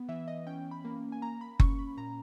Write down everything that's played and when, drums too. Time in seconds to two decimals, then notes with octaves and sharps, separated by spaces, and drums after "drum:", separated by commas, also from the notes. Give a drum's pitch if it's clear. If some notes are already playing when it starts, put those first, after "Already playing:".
Already playing: B3
0.09 E3 E5
0.28 D#5
0.46 C#4 G5
0.71 B5
0.85 A#3
1.12 G#5
1.22 A#3 A#5
1.41 B5
1.60 C#4 C#6, drum: kick F#1
1.79 B5
1.97 A#2 A#5